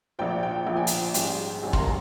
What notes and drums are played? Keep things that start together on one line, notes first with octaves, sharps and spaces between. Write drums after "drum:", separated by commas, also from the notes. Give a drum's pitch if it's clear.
A#1 A#2 F3 G5
G5
A#1 A#2 F3 G5
G#5
G5, drum: hi-hat
A#1 G#2 G3 C#4, drum: hi-hat
A#1 G#2 G3 C#4 G#4 G#5
C6, drum: kick
A#4 A#5